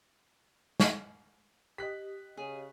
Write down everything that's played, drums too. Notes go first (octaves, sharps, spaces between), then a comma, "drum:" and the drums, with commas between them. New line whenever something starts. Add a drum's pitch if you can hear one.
drum: snare
G4 D#5 F#6 B6
C#3 G#4